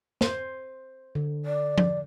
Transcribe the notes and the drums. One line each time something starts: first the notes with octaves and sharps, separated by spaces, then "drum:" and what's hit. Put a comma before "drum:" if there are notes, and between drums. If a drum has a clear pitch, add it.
C5, drum: snare
D3
D5
drum: tom F3